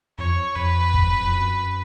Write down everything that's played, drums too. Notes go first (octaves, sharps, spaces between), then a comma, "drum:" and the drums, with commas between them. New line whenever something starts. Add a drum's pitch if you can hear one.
F2 C#5
F2 B4
drum: kick
F2
F#2